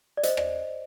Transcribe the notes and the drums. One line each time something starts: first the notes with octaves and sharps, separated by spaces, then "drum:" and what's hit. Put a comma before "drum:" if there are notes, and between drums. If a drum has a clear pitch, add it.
D5
C5 D#5, drum: hi-hat
D5, drum: rim click